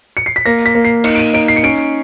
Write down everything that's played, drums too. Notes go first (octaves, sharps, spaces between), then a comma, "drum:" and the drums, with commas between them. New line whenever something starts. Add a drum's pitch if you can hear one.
C#7
C7
B6
A#3 A#6
B6
A#3
C7
D#4 C#7, drum: cymbal
D7
D#7
D#4 D7
C7
C#7
C#4 D7